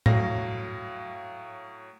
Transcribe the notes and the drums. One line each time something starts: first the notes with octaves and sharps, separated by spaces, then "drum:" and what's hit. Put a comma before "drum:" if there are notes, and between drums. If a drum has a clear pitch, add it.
A2 F#3 F5 A#6, drum: tom A2